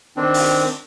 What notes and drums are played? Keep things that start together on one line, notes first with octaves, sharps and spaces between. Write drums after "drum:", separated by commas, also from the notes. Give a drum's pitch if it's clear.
D#3 C4 D4
drum: open hi-hat